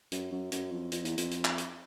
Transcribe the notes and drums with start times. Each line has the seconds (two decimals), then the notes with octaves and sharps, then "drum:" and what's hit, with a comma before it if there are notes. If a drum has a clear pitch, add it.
0.12 F#2, drum: hi-hat
0.32 F#2
0.52 F#2, drum: hi-hat
0.71 F2
0.92 F2, drum: hi-hat
1.05 E2, drum: hi-hat
1.18 F2, drum: hi-hat
1.31 drum: hi-hat
1.45 drum: clap
1.58 drum: hi-hat